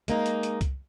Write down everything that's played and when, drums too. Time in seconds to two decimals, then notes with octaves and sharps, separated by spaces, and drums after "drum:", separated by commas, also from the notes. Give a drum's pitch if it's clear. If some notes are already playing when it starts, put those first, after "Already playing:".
0.08 G#3 A#3 D#4, drum: hi-hat
0.26 drum: hi-hat
0.43 drum: hi-hat
0.61 drum: kick C2, hi-hat